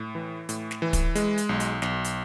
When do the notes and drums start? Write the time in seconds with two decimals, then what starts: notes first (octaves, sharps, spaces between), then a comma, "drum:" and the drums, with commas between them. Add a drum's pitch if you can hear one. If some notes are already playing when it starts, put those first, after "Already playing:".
Already playing: A2
0.15 E3
0.49 A2, drum: hi-hat
0.71 drum: snare
0.82 E3
0.93 drum: kick, hi-hat
1.15 G#3, drum: hi-hat
1.38 drum: hi-hat
1.49 B1
1.60 drum: hi-hat
1.82 B1, drum: snare
2.04 drum: hi-hat